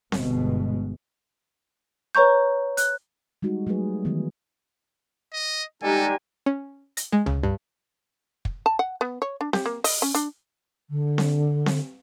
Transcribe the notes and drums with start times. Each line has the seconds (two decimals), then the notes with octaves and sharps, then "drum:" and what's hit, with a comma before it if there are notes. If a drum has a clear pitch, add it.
0.12 G1 B2 G#3, drum: snare C4
2.15 B4 C#5 A#5 C#6 G6
2.77 F#6, drum: hi-hat
3.42 G3 G#3 D#4 F#4
3.67 F#3 G3 A3 G#4 B4
4.05 D#3 E3 F#3 B3
5.33 D#5
5.83 G3 G#3 D#4 G4 A4 G#5
6.46 C#4
6.97 A#6, drum: hi-hat
7.12 G#3
7.26 C#3, drum: tom C#2
7.43 G2
8.45 drum: kick
8.66 A5
8.79 F#5
9.01 B3
9.22 C#5
9.41 D4
9.53 G4, drum: snare C4
9.66 A#3
9.84 D#5, drum: open hi-hat
10.02 C#4
10.15 D4, drum: hi-hat
10.90 D3
11.18 drum: snare C4
11.66 drum: snare C4